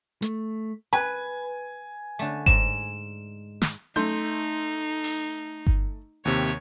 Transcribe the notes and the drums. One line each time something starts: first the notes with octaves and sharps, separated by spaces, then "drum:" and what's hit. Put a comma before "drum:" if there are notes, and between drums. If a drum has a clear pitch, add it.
A3, drum: hi-hat
B4 G#5
D3 A3
G#2 E7, drum: kick G1
drum: snare
A3 D#4 C6 G6, drum: tom C#4
drum: open hi-hat
drum: kick G1
D#2 C3 C#5